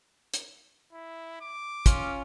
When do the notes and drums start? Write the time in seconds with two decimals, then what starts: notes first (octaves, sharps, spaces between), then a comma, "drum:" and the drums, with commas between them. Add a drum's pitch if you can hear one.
0.34 drum: hi-hat
0.93 E4
1.41 D6
1.86 C#4 F4, drum: kick, hi-hat